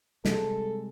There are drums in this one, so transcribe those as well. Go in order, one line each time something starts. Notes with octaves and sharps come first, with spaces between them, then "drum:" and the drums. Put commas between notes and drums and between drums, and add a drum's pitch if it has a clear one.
C3 G3 G#3 A4, drum: snare